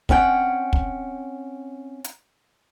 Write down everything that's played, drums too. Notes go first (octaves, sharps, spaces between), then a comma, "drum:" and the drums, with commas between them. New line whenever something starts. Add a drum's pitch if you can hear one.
C4 C#4 F#5 G5, drum: kick
drum: kick
drum: hi-hat